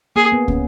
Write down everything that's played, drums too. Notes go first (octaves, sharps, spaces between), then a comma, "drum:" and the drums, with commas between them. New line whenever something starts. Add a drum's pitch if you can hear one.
A#3 G#4
B3
C#4, drum: kick